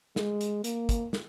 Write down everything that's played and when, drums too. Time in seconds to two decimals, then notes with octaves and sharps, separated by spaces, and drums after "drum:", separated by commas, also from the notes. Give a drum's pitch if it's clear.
0.16 G#3, drum: snare
0.41 drum: hi-hat
0.64 A#3, drum: hi-hat
0.89 drum: kick, hi-hat
1.13 drum: snare